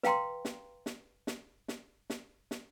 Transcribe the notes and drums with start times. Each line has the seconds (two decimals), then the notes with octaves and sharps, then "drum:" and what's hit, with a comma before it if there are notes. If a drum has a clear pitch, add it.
0.03 B4 F5 G5 A#5 C6, drum: snare
0.45 drum: snare
0.86 drum: snare
1.27 drum: snare
1.68 drum: snare
2.10 drum: snare
2.51 drum: snare